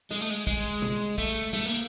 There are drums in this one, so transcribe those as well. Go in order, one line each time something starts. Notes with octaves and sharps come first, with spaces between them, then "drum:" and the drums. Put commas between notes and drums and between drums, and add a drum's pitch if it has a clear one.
G#3, drum: snare
A3
G#3
G#3, drum: kick
drum: tom B2
A3, drum: kick
A3, drum: snare
A#3